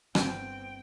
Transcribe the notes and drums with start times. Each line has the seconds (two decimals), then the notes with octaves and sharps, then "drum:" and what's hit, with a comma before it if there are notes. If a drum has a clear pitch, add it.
0.15 G1 B3 C4 G5, drum: rim click